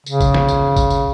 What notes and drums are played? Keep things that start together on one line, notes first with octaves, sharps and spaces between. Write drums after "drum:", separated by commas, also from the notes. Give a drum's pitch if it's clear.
C#3, drum: tambourine
drum: kick G#1, tambourine
drum: snare
drum: tambourine
drum: kick G#1, tambourine
drum: tambourine